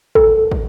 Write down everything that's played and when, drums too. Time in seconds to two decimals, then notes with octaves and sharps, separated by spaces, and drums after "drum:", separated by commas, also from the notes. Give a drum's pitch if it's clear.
0.15 A4, drum: kick
0.51 drum: kick